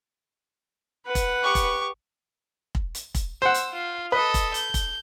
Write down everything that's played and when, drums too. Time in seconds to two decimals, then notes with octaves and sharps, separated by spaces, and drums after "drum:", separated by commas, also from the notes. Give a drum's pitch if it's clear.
1.06 B4 F#5
1.15 drum: kick, hi-hat
1.43 G4 C#6
1.55 drum: kick, hi-hat
2.75 drum: kick
2.95 drum: hi-hat
3.15 drum: kick, hi-hat
3.42 C5 F#5 E6
3.54 drum: hi-hat
3.73 F4
4.12 A4 B4 D#5
4.34 drum: kick, hi-hat
4.54 G6, drum: hi-hat
4.74 drum: kick, hi-hat